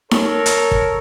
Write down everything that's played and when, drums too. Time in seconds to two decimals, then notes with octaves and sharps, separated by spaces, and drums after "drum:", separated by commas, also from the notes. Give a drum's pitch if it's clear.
0.11 A4 A#4 C#5, drum: snare D#4
0.46 drum: hi-hat
0.71 drum: kick